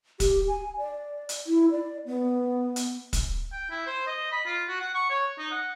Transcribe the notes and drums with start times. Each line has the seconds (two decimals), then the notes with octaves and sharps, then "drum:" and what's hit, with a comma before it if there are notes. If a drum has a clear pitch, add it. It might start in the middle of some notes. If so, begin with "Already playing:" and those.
0.20 G4, drum: kick, hi-hat
0.48 G#5
0.78 D5
1.29 drum: hi-hat
1.47 E4
1.71 D5
2.06 B3
2.76 drum: hi-hat
3.13 drum: kick, hi-hat
3.53 G5
3.70 E4
3.86 C5
4.07 D#5
4.32 B5
4.46 F4
4.68 F#4
4.80 F#5
4.95 C#6
5.10 C#5
5.38 D#4
5.51 F#5